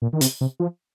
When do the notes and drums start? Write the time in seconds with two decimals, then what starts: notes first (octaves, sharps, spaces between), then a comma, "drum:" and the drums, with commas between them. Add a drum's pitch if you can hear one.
0.02 A#2
0.13 D#3
0.21 C3, drum: hi-hat
0.41 C3
0.60 F3